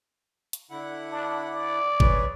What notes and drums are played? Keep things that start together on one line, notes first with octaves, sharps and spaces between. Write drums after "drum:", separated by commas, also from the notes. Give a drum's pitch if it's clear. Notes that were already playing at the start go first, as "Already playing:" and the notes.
drum: hi-hat
D3 E4 F#5
D4
D5
G#4 B4 C#5, drum: kick G1